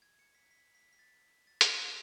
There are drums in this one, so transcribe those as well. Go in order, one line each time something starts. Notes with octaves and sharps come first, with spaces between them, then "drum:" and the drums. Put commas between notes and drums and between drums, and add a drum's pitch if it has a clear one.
G#6
C#7
B6
B6
B6
B6
A6
A6
drum: hi-hat
G#6